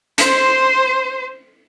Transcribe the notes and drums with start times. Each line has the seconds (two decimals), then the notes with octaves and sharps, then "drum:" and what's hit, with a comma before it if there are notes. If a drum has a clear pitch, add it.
0.18 C5 C6, drum: hi-hat